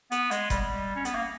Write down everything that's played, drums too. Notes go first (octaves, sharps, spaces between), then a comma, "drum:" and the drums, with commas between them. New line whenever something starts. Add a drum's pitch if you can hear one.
B3, drum: hi-hat
G#3, drum: hi-hat
G3, drum: kick F#1, hi-hat
G3
C#4
B3, drum: hi-hat
A#3